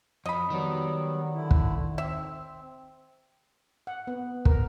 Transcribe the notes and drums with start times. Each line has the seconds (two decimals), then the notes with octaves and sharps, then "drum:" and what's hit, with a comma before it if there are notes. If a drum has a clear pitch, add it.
0.26 F2 D#5 B5
0.50 D#3 F#3 G3 B3
1.35 D3 E4
1.51 drum: kick
1.98 C4 E5
3.87 F#5
4.07 B3
4.45 A#4, drum: kick